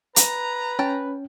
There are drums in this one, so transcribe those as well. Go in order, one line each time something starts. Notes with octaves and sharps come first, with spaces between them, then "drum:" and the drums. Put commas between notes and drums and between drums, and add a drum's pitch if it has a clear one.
B4 A#5, drum: hi-hat
C#4 G5 A5